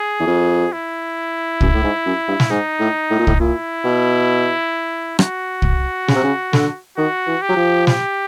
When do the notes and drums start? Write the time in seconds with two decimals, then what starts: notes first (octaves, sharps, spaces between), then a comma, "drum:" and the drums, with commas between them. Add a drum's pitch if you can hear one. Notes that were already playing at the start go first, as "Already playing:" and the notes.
Already playing: G#4
0.20 E2
0.27 F2
0.72 E4
1.61 F#2, drum: kick
1.74 A2
1.84 G#2
2.06 F#2
2.28 G2
2.40 drum: snare
2.50 G#2 D#4
2.80 A2
3.10 A2
3.19 A#2
3.27 A2, drum: kick
3.40 A#2 E4
3.84 B2
5.19 F#4, drum: rim click
5.62 drum: kick
6.08 C#3, drum: snare
6.15 C3
6.23 C#3
6.53 D3, drum: snare
6.97 D#3 F#4
7.27 E3
7.42 G4
7.49 F#3
7.56 F3
7.87 G4, drum: snare